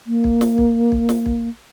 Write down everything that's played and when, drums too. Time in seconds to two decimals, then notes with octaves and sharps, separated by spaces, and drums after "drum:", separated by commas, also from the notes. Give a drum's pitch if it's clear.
0.07 A#3
0.24 drum: kick
0.41 drum: snare
0.58 drum: kick
0.92 drum: kick
1.09 drum: snare
1.26 drum: kick